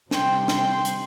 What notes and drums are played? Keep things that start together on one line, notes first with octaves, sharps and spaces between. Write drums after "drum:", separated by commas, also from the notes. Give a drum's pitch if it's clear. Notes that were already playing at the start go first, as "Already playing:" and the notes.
C3 D#3 G3 G5 C6, drum: snare
G5 C6, drum: snare
drum: hi-hat